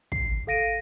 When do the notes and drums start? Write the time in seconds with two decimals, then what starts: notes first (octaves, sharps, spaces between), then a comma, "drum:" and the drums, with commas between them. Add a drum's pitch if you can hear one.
0.12 C7, drum: kick
0.47 A4 F5 A#6 D7 D#7